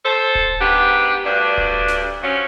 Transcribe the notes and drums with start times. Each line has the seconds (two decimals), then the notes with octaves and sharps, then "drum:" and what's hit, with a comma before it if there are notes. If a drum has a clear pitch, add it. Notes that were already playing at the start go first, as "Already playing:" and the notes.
0.05 A4 C5
0.35 drum: kick D1
0.60 G#2 B3 D4 G4
1.25 D2 G2 D4
1.58 drum: kick D1
1.88 drum: snare
2.23 F3 F#3 C#4